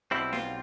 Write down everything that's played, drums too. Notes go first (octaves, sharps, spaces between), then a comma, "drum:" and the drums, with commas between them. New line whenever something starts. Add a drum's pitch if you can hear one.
B1 B2 G3 C4 E4
F4, drum: snare